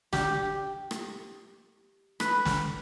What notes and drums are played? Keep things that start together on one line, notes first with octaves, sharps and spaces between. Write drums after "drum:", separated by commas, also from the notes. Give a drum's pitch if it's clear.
G4, drum: snare
drum: rim click
B4, drum: rim click
drum: snare